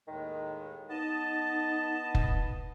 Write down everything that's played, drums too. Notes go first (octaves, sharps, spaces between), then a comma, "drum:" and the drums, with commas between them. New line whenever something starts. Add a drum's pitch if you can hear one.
D#2 A2 D#3 G#3
B3 D#4 D#5 A5
drum: kick F1